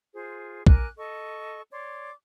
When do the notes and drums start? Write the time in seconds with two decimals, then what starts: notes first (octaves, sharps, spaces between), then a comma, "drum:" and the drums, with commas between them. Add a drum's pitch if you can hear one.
0.15 F4 G#4 C5
0.67 A#4 G#5 D6 F#6, drum: kick
0.98 A4 D#5 C#6
1.72 C#5 D5 C6 D6